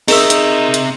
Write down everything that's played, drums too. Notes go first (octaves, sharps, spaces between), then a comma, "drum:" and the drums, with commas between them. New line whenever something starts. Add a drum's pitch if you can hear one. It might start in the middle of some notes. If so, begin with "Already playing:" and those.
C4 D#4 G#4 A#4 E5 E6, drum: open hi-hat
drum: hi-hat
drum: hi-hat